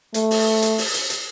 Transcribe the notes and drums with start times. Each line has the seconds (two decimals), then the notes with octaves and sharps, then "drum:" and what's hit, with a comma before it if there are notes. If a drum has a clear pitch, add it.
0.14 A3, drum: hi-hat
0.31 drum: open hi-hat
0.62 drum: hi-hat
0.78 drum: open hi-hat
0.94 drum: hi-hat
1.10 drum: hi-hat